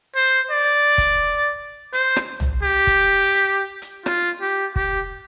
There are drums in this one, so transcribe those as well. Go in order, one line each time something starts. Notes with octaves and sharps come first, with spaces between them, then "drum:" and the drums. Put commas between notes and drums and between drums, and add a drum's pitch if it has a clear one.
C5
D5
drum: kick, hi-hat
C5, drum: hi-hat
drum: rim click
drum: tom A#1
G4
drum: kick, hi-hat
drum: hi-hat
drum: hi-hat
F4, drum: rim click
G4
G4, drum: kick